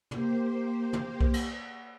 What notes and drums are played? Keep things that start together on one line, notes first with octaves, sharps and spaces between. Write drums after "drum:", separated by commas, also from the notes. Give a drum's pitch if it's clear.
A#3 G4 C5, drum: tom
drum: tom
drum: kick B1
drum: cymbal